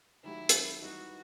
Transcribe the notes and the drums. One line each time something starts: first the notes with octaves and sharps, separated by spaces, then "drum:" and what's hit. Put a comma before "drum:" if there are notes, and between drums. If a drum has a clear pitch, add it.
D#3 F#3 A3 D#4 E4 G4
drum: hi-hat
E3 G3 B3 D#4 F#4